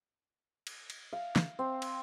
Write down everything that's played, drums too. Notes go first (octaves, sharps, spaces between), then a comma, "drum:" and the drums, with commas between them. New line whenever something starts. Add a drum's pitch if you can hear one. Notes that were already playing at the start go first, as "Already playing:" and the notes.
drum: cymbal
drum: cymbal
F5
drum: snare
C4
drum: cymbal